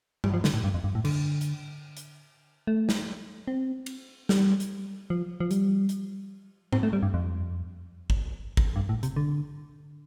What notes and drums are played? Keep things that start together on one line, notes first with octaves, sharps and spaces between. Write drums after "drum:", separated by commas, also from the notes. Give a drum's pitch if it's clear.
G3, drum: tom G2
F3
D3, drum: snare
A2
G2
F2
G2
A2
D3, drum: cymbal
drum: hi-hat
drum: hi-hat
A3
drum: snare
C4
drum: cymbal
G3, drum: snare
drum: hi-hat
F3
F3
G3, drum: hi-hat
drum: hi-hat
C4, drum: tom G#2
A3
G3
G2
F2
drum: kick
drum: kick
G2
A2
C3, drum: hi-hat
D3